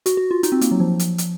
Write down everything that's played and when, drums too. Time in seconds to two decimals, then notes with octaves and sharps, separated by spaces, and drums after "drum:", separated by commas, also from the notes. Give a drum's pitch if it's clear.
0.06 F#4, drum: hi-hat
0.17 F#4
0.31 F4
0.43 D#4, drum: hi-hat
0.52 C4
0.61 A#3, drum: hi-hat
0.71 F#3
0.80 F3
0.99 drum: hi-hat
1.18 drum: hi-hat